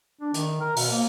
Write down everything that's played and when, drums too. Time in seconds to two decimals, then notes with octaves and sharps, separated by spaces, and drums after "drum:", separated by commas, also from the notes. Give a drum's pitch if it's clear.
0.21 D4
0.34 D#3, drum: hi-hat
0.60 A#4
0.76 B2, drum: open hi-hat
0.90 A#3